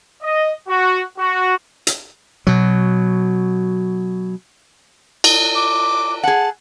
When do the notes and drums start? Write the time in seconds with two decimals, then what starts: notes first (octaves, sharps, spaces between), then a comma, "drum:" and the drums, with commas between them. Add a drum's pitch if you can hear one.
0.22 D#5
0.67 F#4
1.18 F#4
1.87 drum: hi-hat
2.47 B2 F#3
5.24 drum: cymbal
5.55 D6
6.24 G#4 F#5 A5